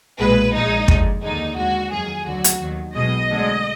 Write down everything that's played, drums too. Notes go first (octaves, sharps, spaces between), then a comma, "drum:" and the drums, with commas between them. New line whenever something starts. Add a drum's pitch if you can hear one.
B1 A#2 G#3 B4
A#1 A#2 F3 G#3 D#4
F2 D3 G#3, drum: kick
D#2 D3 G#3 D#4
D#2 D3 G#3 F#4
F2 D#3 F#3 G#4
D2 D3 F#3 F#4
drum: hi-hat
D#2 D#3 F#3
B1 B2 G#3 D#5
D2 D3 G#3